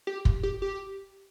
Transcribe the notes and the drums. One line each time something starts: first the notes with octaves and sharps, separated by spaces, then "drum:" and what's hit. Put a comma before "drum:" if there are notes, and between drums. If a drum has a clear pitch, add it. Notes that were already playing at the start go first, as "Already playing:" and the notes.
G4
drum: kick
G4
G4